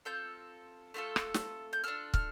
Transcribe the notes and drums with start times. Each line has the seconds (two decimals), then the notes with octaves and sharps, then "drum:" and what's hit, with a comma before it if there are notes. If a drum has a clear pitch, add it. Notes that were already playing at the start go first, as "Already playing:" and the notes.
0.05 C4 F4 A4 G6
0.94 A3 C4 F4 A4
1.16 drum: rim click
1.34 drum: snare
1.73 G6
1.84 D4 F4 A4 F6
2.14 F6, drum: kick